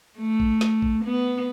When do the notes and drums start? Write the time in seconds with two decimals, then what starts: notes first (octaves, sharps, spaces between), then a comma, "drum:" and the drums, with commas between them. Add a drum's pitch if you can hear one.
0.18 A3
0.40 drum: kick
0.61 drum: snare
0.82 drum: kick
1.04 B3